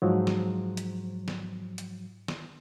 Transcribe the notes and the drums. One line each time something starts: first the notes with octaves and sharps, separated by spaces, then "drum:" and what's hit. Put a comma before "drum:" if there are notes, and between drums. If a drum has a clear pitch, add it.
G#2 F3 F#3
drum: snare
drum: hi-hat
drum: snare
drum: hi-hat
drum: snare